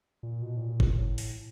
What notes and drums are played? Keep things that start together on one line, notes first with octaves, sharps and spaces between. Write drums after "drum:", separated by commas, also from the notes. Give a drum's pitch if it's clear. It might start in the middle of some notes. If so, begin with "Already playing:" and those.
A#2
B2
A2
A#2
A2, drum: kick F#1
drum: open hi-hat